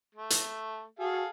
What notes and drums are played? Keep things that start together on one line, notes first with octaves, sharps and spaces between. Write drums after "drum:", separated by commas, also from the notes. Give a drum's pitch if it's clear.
A3
drum: hi-hat
F#4 G#4 A4 F5